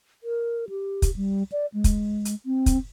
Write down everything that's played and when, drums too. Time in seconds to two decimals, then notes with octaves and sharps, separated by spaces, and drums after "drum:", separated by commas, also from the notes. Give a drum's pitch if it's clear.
0.23 A#4
0.69 G4
1.02 drum: kick, hi-hat
1.16 G3
1.52 D5
1.74 G#3
1.84 drum: kick, hi-hat
2.25 drum: hi-hat
2.46 C4
2.66 drum: kick, hi-hat